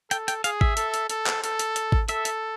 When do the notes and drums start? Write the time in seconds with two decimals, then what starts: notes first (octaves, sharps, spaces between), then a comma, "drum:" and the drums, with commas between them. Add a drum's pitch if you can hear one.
0.11 A4 G5, drum: hi-hat
0.28 G5, drum: hi-hat
0.44 G#4 F5, drum: hi-hat
0.61 E5, drum: kick G#1
0.77 A4, drum: hi-hat
0.94 drum: hi-hat
1.10 A4, drum: hi-hat
1.27 drum: clap
1.44 A4, drum: hi-hat
1.59 drum: hi-hat
1.76 drum: hi-hat
1.92 drum: kick G#1
2.08 A4 E5, drum: hi-hat
2.25 drum: hi-hat